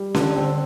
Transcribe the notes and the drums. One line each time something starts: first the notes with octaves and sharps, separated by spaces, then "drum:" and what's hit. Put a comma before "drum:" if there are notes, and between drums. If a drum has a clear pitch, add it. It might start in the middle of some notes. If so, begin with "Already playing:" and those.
Already playing: G3
D3, drum: snare C#4
C4